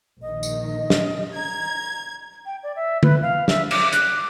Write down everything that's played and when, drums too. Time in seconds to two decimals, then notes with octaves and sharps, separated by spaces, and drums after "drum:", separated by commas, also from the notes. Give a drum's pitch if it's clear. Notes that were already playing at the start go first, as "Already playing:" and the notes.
0.22 A#1 D#3 D#5
0.43 drum: tambourine
0.90 drum: snare
1.36 A#5 G#6
2.46 G5
2.63 D5
2.76 E5
3.03 B4, drum: tom D3
3.22 F5
3.48 E5, drum: snare
3.71 D6, drum: cymbal
3.93 F#6, drum: hi-hat
4.15 D6